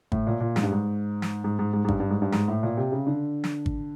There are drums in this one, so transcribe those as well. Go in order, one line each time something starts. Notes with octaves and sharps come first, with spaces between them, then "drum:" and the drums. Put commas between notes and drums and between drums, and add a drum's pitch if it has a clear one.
A2, drum: kick
A#2
A#2
G#2, drum: snare
G2
G#2
drum: snare
G#2
G#2
G#2
G#2
G2, drum: kick
G2
G#2
G2
G#2, drum: snare
A2
A#2
C3
C#3
D3
drum: snare
drum: kick